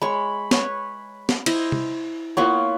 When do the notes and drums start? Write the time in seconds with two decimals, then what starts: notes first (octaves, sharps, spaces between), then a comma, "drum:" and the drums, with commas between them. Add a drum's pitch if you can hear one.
0.02 G#3 C#5 B5
0.51 B4 C#5, drum: snare
1.29 drum: snare
1.46 E4 C5 D#5, drum: cymbal
1.72 drum: tom
2.37 A#3 B3 E4 F4 C#5